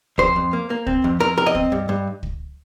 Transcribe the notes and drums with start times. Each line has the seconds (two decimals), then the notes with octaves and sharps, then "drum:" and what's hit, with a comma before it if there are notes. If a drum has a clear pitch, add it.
0.18 F2 C5, drum: kick
0.36 F2
0.53 A#3
0.70 A#3
0.87 C4, drum: kick
1.04 F2
1.20 F2 A#4
1.37 F2 A#4
1.46 D#5
1.55 C4, drum: kick
1.72 G2
1.89 G2
2.23 drum: kick